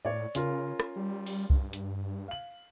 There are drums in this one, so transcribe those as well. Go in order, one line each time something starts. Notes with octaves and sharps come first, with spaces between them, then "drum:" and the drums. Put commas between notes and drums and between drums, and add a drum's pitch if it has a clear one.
A2 C#5 D5
C#3 C#4 F4 A#4, drum: hi-hat
drum: rim click
G3
drum: open hi-hat
G2, drum: kick C2
drum: hi-hat
F5 F#7